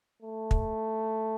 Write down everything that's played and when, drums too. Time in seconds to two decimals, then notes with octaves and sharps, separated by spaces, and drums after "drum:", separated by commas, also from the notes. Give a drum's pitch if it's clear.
0.22 A3
0.51 drum: kick